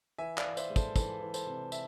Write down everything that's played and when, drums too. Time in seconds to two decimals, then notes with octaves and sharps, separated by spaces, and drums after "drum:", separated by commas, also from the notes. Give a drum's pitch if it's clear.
0.18 E3 E5 G#5
0.38 D5 F5, drum: clap
0.44 E3
0.57 C5 E5, drum: tambourine
0.70 G#3
0.76 A4 C5, drum: kick, tambourine
0.96 E3 A4 C5, drum: kick, tambourine
1.21 E3
1.34 A4 C5, drum: tambourine
1.46 C3
1.72 E5, drum: tambourine